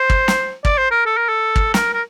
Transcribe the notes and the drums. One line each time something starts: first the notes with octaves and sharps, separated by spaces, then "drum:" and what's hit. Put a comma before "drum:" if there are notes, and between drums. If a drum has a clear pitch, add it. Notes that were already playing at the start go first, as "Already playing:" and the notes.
Already playing: C5
drum: kick
drum: snare
D5, drum: kick
C5
A#4
A4
A#4
A4
drum: kick
A#4, drum: snare
A#4